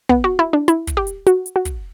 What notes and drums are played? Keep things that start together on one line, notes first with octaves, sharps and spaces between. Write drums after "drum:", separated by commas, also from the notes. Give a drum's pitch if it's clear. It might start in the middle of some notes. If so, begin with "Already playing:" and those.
B3, drum: kick
F#4
E4
D4
E4, drum: hi-hat
drum: kick, hi-hat
G4
drum: hi-hat
F#4, drum: hi-hat
drum: hi-hat
F#4
drum: kick, hi-hat